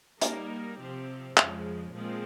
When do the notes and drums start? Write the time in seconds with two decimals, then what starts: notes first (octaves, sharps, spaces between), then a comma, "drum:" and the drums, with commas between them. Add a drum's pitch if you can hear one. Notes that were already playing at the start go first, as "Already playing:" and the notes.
0.21 G3 A#3 D#4 A#4, drum: hi-hat
0.79 C3 F3 C4 G4
1.37 F2 C#3 F3 G#3, drum: clap
1.95 A#2 F3 G#3 C4